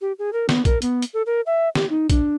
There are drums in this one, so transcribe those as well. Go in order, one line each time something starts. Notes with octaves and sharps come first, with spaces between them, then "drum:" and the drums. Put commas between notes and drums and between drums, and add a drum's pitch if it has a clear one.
G4
G#4
A#4
B3, drum: snare
A#4, drum: kick A#1, hi-hat
B3, drum: hi-hat
drum: hi-hat
A4
A#4
E5
G4, drum: snare
D#4
D4, drum: kick A#1, hi-hat